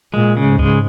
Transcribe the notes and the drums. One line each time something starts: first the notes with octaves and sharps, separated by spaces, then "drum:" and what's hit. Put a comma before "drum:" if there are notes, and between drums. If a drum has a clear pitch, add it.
A#2 G#3
C#3
G#2
G#3, drum: kick C#2